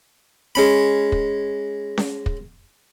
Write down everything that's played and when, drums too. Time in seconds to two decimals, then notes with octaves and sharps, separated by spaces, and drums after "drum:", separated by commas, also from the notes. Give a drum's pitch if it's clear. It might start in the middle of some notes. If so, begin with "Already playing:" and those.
0.55 G#3 C#4 B5
1.12 drum: kick
1.98 drum: snare C#4
2.26 drum: kick